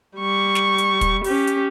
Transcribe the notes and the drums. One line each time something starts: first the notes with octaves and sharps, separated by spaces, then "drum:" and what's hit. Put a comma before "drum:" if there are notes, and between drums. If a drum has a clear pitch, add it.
G3 C#6
drum: snare
drum: hi-hat
drum: kick, hi-hat
C#4 G4, drum: open hi-hat
drum: hi-hat